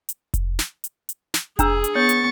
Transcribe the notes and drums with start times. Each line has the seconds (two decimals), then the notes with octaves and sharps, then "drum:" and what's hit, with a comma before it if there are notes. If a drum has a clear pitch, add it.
0.09 drum: hi-hat
0.34 drum: kick F1, hi-hat
0.59 drum: snare
0.84 drum: hi-hat
1.09 drum: hi-hat
1.34 drum: snare
1.59 D4 G#4 A#5 E6, drum: kick F1, hi-hat
1.84 drum: hi-hat
1.95 B3 C#5 C#6 A6
2.09 drum: hi-hat